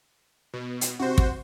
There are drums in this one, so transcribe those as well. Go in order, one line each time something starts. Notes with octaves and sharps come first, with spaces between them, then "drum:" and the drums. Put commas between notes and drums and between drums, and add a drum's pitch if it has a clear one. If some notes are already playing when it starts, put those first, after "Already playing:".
B2
drum: hi-hat
C3 F#4 C5
drum: kick